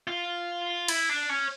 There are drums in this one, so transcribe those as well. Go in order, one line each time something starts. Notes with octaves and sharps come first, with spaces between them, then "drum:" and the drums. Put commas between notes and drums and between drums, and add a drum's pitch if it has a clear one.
F4
E4, drum: cymbal
D4
C#4